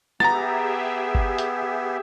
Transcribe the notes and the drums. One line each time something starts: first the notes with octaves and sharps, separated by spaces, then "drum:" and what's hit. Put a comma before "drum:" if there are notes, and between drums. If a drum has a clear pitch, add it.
B3 G4 G#4 E5 A#5 A6, drum: rim click
drum: kick G1
drum: hi-hat